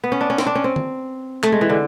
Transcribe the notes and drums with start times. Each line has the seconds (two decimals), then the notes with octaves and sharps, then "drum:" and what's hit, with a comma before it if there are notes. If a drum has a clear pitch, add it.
0.04 B3
0.12 C#4
0.21 D4
0.30 C#4
0.38 C4, drum: snare
0.46 D4
0.55 C#4
0.64 C4
0.76 drum: tom
1.43 A3, drum: clap
1.52 G#3
1.61 E3
1.69 D3